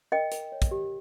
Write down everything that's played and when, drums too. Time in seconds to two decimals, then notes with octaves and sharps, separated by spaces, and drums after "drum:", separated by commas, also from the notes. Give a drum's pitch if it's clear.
0.12 A#4 D#5 G5
0.32 A#4, drum: hi-hat
0.52 C#5
0.62 drum: kick, hi-hat
0.71 G4